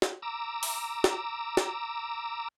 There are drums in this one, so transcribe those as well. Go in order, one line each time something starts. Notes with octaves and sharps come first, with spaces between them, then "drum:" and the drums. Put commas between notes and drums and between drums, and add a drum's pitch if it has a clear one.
drum: snare
A#5 D6 E6
drum: open hi-hat
drum: snare
drum: snare